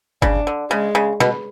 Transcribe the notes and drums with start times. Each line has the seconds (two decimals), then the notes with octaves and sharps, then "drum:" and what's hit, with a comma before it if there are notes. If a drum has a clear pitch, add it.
0.22 C#3 D4, drum: kick G1
0.47 D3
0.71 C#3 G#3
0.95 C#3
1.20 B2, drum: snare